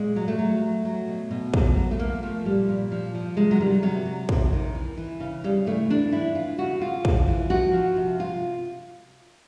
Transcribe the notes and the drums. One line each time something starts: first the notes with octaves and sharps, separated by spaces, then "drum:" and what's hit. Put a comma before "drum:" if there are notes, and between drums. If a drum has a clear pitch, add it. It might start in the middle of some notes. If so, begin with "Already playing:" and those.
Already playing: A#2 G#3
F#3
A3
F#3
F#3
F#3
B2
B2
F#3, drum: kick
F#3
A3
F3 A#3
F3 A3
A#2 G3
A#2
F3
F3
C3 G#3
F#3
D#3 G3
C3 F#3
F#3
C3, drum: kick
D#3
E3
E3
C#3
C#3 G3
E3 A3
E3 D4
E3 E4
E3 F4
C#3 F#4
C#3 F4
E3, drum: kick
E3
F3 F#4
F3
C3
C3 F4